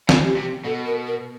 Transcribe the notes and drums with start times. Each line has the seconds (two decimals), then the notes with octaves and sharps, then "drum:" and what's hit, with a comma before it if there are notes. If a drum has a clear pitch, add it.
0.09 C#3, drum: snare
0.24 G4
0.37 C3
0.65 B2 A4
0.86 A#4
1.07 A#4